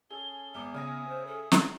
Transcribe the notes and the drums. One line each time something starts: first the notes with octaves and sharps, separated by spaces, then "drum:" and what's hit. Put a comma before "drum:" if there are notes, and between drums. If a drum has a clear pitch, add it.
C#4 G#4 A4 G7
G#1 B3 G#4 E5 D6
C#3 G#5 D#6 A#6
C5
A4
G#4 A#5, drum: snare